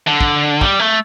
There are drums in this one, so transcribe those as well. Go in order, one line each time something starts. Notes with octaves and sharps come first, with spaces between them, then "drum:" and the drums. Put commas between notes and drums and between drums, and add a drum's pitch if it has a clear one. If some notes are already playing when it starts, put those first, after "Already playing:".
D3
drum: kick
G3, drum: kick
A3